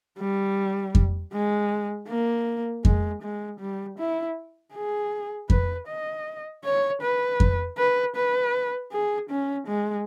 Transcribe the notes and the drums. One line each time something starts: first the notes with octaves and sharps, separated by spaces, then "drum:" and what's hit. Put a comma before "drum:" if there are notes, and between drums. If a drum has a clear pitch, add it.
G3
drum: kick F2
G#3
A#3
G#3, drum: kick F2
G#3
G3
E4
G#4
B4, drum: kick F2
D#5
C#5
B4
drum: kick F2
B4
B4
G#4
C#4
G#3